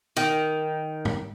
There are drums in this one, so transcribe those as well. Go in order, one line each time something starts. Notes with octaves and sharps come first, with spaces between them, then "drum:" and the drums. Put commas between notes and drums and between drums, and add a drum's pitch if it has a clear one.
D#3
drum: tom G#2